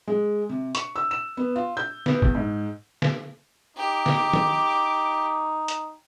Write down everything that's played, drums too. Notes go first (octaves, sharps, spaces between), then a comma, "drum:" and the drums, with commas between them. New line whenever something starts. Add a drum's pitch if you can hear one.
G#3
C3
C#6, drum: hi-hat
E6
E7
B3
F4
G6
B3, drum: snare
E2, drum: kick
G#2
drum: snare
D#4 G4 D6
drum: snare
drum: tom D#3
drum: hi-hat